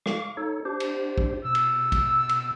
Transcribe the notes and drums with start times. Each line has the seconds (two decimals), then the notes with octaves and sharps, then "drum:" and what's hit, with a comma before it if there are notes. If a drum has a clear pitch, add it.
0.06 F5 C#6 D6, drum: snare
0.37 D#4 A4 C#5
0.65 D4 G4 C5
0.80 drum: cymbal
1.18 drum: kick
1.45 B2 E6
1.55 drum: cymbal
1.92 drum: kick, cymbal
2.29 drum: cymbal